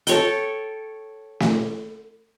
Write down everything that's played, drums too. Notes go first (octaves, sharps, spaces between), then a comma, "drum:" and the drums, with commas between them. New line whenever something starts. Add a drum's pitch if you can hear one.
A4 C#5 G5, drum: hi-hat
drum: snare